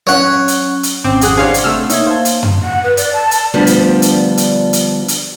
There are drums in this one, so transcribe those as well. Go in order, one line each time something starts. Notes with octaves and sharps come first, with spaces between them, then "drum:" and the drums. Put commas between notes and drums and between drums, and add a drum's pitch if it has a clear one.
F#3 C#4 C#5 F#5
drum: hi-hat
drum: hi-hat
G#1 C4 C#4 G5 D6
F2 G#4 F#5 F#6, drum: hi-hat
D4 G4 C5 C#5 F5 G#5
drum: hi-hat
C3 A3 E6 F6
A#3 D#4 C#5 E5 G#6, drum: hi-hat
C5 F5 A5
drum: hi-hat
drum: tom F#2
F#5
B4
D5, drum: hi-hat
A5
drum: hi-hat
D2 F3 G3 B3 D4
drum: hi-hat
drum: hi-hat
drum: hi-hat
drum: hi-hat
drum: hi-hat